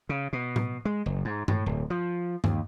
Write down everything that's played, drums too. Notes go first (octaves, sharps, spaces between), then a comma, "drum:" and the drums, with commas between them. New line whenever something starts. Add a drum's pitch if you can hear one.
C#3
B2
drum: tom A2
G#3
F#1
G#2
A2, drum: tom G2
D1
F3
D#2, drum: tom G2